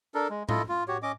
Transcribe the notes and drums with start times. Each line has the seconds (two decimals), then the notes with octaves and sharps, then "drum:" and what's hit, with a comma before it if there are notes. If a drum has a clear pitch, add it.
0.14 D4 A4 A#4
0.30 G#3
0.49 E4 F4 A4 D#5, drum: tom A2
0.69 F4
0.88 F#4 G4 C#5
1.03 C#4 D#5 D6